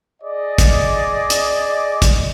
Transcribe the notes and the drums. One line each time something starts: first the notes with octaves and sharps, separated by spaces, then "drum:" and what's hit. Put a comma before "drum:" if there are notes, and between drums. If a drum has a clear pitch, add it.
G#4 D5 D#5
drum: kick, hi-hat
drum: hi-hat
drum: kick, hi-hat